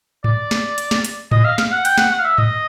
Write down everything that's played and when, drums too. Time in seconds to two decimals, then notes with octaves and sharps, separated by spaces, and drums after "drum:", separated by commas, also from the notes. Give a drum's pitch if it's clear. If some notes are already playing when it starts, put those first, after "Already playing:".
0.24 D5, drum: tom G#2
0.51 drum: snare
0.78 drum: hi-hat
0.91 drum: snare
1.05 drum: hi-hat
1.31 D#5, drum: tom G#2
1.45 F5
1.58 F5, drum: snare
1.71 F#5
1.85 G5, drum: hi-hat
1.98 F#5, drum: snare
2.12 F#5
2.18 F5
2.24 E5
2.38 D#5, drum: tom G#2